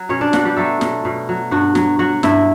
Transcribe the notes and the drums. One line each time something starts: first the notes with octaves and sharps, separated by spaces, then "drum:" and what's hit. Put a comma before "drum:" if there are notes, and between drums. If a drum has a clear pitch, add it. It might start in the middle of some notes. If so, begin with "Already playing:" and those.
Already playing: F#3
B2 C#4 C#5
D4 D5
B2 F#4 F#5, drum: snare
G3 G4
F#3 A3 A4
B2, drum: snare
B2
F#3
G2 F#4 F#5
F#3, drum: snare
F#3 F#4 F#5
G2 E4 E5, drum: snare